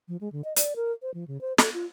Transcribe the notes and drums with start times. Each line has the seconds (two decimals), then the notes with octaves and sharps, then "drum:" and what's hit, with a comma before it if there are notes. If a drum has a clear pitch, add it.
0.08 F3
0.21 G#3
0.32 D3
0.44 D#5
0.56 D5, drum: hi-hat
0.76 A#4
1.02 C5
1.14 F3
1.28 C#3
1.41 C5
1.58 A4, drum: snare
1.74 F4